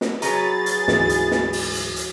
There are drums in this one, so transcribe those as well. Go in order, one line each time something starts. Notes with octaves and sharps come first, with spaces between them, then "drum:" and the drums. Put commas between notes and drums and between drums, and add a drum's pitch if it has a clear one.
drum: snare
F#3 G#4 B4 A#5 A6, drum: hi-hat
drum: hi-hat
D2 G#2 E3, drum: snare
drum: hi-hat
drum: snare
drum: open hi-hat
drum: hi-hat
drum: hi-hat